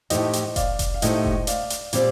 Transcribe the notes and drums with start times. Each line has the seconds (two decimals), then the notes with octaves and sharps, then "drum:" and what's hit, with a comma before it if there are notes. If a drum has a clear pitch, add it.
0.10 A2 A3 D#4 G4 C5 D#5, drum: hi-hat
0.33 drum: hi-hat
0.56 D5 F5, drum: kick F1, hi-hat
0.79 drum: kick F1, hi-hat
0.94 F5
1.02 A2 A3 D#4 G4 C5 D#5, drum: hi-hat
1.25 drum: kick F1
1.47 D5 F5, drum: hi-hat
1.70 drum: hi-hat
1.93 A#2 G3 C4 G4, drum: hi-hat